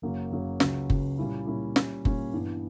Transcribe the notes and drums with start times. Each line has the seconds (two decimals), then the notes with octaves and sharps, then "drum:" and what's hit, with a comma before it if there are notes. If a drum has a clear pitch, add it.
0.02 F#1 F#2 C#3 F#3 A#3
0.32 F#1 F#2 C#3 F#3 A#3
0.60 C#2 C#3 F#3, drum: snare
0.90 C#2 C#3 F#3, drum: kick F#1
1.18 A#2 G3 A#3 C#4 E4
1.46 A#2 G3 A#3 C#4 E4
1.76 A#2 G3 C#4, drum: snare
2.05 A#2 G3 C#4, drum: kick F#1
2.33 G2 E3 B3 D4